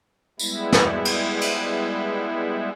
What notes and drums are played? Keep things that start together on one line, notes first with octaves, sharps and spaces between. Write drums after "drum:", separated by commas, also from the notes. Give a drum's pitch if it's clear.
G3 G#3 B3 E4, drum: tambourine
drum: snare
drum: cymbal
drum: cymbal